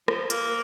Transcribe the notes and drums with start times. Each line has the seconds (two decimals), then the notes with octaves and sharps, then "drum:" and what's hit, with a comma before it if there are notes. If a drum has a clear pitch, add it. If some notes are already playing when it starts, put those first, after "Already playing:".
0.08 F3, drum: rim click
0.30 A#3, drum: hi-hat